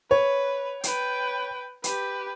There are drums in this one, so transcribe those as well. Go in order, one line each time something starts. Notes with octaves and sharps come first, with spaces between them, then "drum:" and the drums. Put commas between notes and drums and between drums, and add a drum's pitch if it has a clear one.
B4 C#5
B4 G5, drum: hi-hat
G4 B4, drum: hi-hat